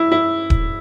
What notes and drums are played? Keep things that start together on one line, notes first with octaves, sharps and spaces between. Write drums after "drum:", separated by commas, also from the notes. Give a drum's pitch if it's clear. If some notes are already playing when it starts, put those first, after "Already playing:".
Already playing: E4
E4
drum: kick D#1